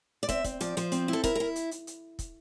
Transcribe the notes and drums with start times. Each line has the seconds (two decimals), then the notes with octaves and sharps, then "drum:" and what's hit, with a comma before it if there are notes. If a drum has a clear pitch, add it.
0.23 D5
0.29 C4 E5, drum: kick, hi-hat
0.44 C4, drum: kick, hi-hat
0.61 F3 D5, drum: hi-hat
0.77 F3 C5, drum: hi-hat
0.92 C4, drum: hi-hat
1.08 E4 A4
1.24 E4 A#4, drum: kick, hi-hat
1.35 E4 A#4
1.56 drum: hi-hat
1.71 drum: hi-hat
1.87 drum: hi-hat
2.19 drum: kick, hi-hat